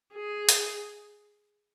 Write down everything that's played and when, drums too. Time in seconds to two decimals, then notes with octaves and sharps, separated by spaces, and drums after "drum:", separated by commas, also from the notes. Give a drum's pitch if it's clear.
0.14 G#4
0.49 drum: hi-hat